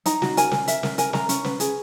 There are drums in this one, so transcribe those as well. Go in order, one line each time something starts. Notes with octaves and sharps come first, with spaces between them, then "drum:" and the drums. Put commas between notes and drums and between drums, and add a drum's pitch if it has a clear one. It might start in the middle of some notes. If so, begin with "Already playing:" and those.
D#4 A#5, drum: hi-hat
F#4, drum: snare
A#4 G#5, drum: hi-hat
A#4, drum: snare
A#4 E5, drum: hi-hat
A#4, drum: snare
A#4 G#5, drum: hi-hat
A#4 A#5, drum: snare
C#4, drum: hi-hat
B4, drum: snare
G#4, drum: hi-hat